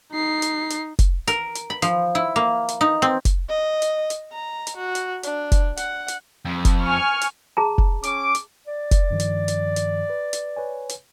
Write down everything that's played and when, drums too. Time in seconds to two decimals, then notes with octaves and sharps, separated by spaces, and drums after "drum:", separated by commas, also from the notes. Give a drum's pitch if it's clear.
0.13 D#4 C7
0.42 drum: hi-hat
0.70 drum: hi-hat
0.99 drum: kick F1, hi-hat
1.27 A#4, drum: hi-hat
1.55 drum: hi-hat
1.70 B5
1.82 F3, drum: hi-hat
2.15 E4
2.36 A#3
2.68 drum: hi-hat
2.81 D#4
3.02 C4
3.25 drum: kick F1, hi-hat
3.49 D#5
3.82 drum: hi-hat
4.10 drum: hi-hat
4.32 A#5
4.67 drum: hi-hat
4.76 F#4
4.95 drum: hi-hat
5.23 D4, drum: hi-hat
5.52 drum: kick F1, hi-hat
5.77 F#5, drum: hi-hat
6.08 drum: hi-hat
6.45 F2
6.65 drum: kick F1, hi-hat
6.83 G#5 C#6 F6
7.21 drum: hi-hat
7.57 G#4 A5 A#5
7.78 drum: kick F1
8.03 C#4 D6, drum: hi-hat
8.35 drum: hi-hat
8.67 D5
8.91 drum: kick F1, hi-hat
9.11 G2 D#3 F3
9.20 drum: hi-hat
9.48 drum: hi-hat
9.76 drum: hi-hat
10.10 B4
10.33 drum: hi-hat
10.56 B4 C#5 G#5
10.89 drum: hi-hat